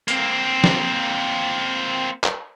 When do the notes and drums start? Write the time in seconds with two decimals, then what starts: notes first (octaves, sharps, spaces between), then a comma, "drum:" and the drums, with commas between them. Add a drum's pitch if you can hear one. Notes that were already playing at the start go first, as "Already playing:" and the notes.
0.08 A#3 C4, drum: hi-hat
0.64 drum: snare
2.24 drum: clap